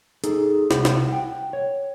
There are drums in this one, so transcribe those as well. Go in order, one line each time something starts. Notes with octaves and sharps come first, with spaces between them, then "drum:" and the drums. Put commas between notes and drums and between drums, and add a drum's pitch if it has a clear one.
D#4 G#4 A4, drum: hi-hat
C2 F#5, drum: snare
drum: snare
F#5 G5
C#5